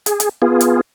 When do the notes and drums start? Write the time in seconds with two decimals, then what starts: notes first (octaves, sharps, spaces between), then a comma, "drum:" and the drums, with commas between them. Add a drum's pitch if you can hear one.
0.06 G#4, drum: hi-hat
0.20 drum: hi-hat
0.42 B3 F4 G#4
0.61 drum: hi-hat